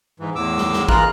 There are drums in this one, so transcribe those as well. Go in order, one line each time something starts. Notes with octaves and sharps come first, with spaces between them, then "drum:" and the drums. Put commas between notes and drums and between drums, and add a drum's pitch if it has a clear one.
G#2 E3
E2 A2 D6 E6
drum: snare
drum: snare
E3 G#3 F4 A#4 A#5 F#6, drum: kick